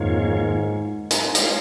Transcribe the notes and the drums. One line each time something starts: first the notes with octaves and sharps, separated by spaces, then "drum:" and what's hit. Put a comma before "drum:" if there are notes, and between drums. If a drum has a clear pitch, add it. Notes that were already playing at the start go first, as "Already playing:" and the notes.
Already playing: F2 G#2 D#3 A#3 F4 C#5
drum: hi-hat
G#3 F4 C#5 F5, drum: hi-hat